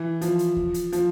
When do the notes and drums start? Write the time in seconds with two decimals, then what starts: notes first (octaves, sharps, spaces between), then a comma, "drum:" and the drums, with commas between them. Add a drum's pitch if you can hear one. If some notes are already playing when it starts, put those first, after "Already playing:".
Already playing: E3
0.21 F3, drum: hi-hat
0.39 drum: hi-hat
0.57 drum: kick D#2
0.74 drum: hi-hat
0.93 F3, drum: hi-hat